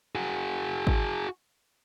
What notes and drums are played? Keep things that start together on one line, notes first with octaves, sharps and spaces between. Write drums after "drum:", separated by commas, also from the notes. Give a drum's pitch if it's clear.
F#4 G#4
drum: kick G#1